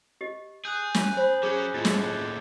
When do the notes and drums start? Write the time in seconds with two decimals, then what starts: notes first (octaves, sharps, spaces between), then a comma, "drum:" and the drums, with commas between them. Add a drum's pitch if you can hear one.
0.21 G4 D#5
0.65 G#4 F#6 G6
0.94 drum: snare
1.17 C5 B5
1.43 F#3 C#4 G#4 D6 G6
1.74 D#2 A2 F4 G#6 A6
1.85 drum: snare